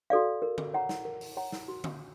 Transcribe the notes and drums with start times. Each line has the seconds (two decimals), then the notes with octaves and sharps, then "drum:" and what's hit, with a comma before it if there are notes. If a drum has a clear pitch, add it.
0.10 F#4 A4 D5 F5
0.42 A#4
0.58 drum: tom D3
0.74 C#5 F#5 A#5
0.89 drum: snare
1.05 A#4
1.21 drum: open hi-hat
1.37 C#5 F#5 A#5
1.52 drum: snare
1.68 F#4
1.84 drum: tom D3